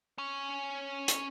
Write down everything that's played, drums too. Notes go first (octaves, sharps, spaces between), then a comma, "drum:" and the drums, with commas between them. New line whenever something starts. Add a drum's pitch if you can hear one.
C#4 C#5
drum: hi-hat